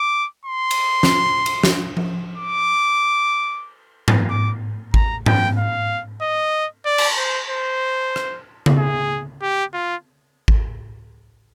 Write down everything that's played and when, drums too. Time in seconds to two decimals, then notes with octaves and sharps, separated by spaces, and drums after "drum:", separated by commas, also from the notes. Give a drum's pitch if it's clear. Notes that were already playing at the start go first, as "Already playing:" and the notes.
Already playing: D6
0.46 C6
0.71 drum: cymbal
1.03 drum: snare
1.46 drum: cymbal
1.63 drum: snare
1.97 drum: tom F3
2.38 D6
4.08 drum: tom G#2
4.30 D6
4.94 A#5, drum: kick G#1
5.26 G5, drum: tom G#2
5.58 F5
6.22 D#5
6.85 D5
6.98 drum: cymbal
7.18 C5
7.50 C5
8.16 drum: rim click
8.66 drum: tom C#3
8.77 G#4
9.42 G4
9.74 F4
10.48 drum: kick G#1